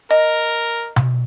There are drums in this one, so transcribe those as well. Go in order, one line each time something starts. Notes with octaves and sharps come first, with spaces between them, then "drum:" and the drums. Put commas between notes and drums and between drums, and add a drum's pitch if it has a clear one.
A#4 D#5
drum: tom B2